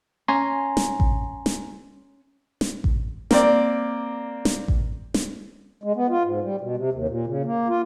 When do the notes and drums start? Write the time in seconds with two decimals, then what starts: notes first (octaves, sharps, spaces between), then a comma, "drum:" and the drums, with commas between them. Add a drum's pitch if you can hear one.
0.28 C#4 G#5 A#5 C6
0.77 drum: snare
1.00 drum: kick A1
1.46 drum: snare
2.61 drum: snare
2.84 drum: kick A1
3.31 A#3 C4 D5, drum: snare
4.45 drum: snare
4.68 drum: kick A1
5.14 drum: snare
5.84 G#3
5.96 B3
6.10 F4
6.24 G#2
6.41 G3
6.61 B2
6.77 C3
6.93 D#2
7.08 A#2
7.27 C#3
7.46 A#3
7.69 F4